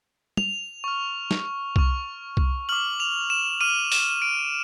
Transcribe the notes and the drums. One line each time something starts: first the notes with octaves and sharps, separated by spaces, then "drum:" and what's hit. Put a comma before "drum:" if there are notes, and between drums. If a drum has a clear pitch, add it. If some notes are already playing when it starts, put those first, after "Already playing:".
F7, drum: tom
C#6 F6
drum: snare
C#6 F6, drum: kick C2
drum: kick C2
D6 F6 F#7
F7
E7
D6 F6 D#7
E7, drum: open hi-hat
D7